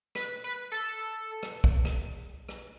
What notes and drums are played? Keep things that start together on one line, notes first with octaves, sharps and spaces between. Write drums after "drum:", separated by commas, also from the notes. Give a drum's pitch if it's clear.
B4, drum: rim click
B4
A4
drum: rim click
drum: kick A#1
drum: rim click
drum: rim click